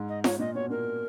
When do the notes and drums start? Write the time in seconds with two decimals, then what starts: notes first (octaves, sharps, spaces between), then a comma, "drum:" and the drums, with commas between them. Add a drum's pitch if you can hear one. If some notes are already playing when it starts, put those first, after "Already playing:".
Already playing: G#2
0.09 D#5
0.24 C#5, drum: snare F4
0.39 A#2 D#5
0.55 B2 C#5
0.70 A#2 A#4